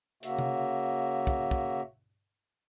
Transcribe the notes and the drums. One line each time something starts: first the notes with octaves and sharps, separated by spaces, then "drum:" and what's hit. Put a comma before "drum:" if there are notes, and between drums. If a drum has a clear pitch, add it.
C#3 A#3 F#4 E5, drum: hi-hat
drum: tom C3
drum: kick
drum: kick